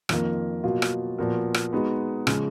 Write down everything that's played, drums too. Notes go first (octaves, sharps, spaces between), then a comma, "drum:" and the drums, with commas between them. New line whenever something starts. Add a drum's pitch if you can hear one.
F2 D#3 A#3 F4 A#4, drum: rim click
B2 F#3 A#3 F4
drum: rim click
A#2 F3 B3 F#4 A#4
drum: rim click
G#3 B3 D#4 F#4
C#3 F3 G#3, drum: rim click